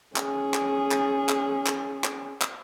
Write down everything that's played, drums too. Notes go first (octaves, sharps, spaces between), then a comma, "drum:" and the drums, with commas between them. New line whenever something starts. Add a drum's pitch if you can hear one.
C#4 G#4, drum: clap
drum: clap
drum: clap
drum: clap
drum: clap
drum: clap
drum: clap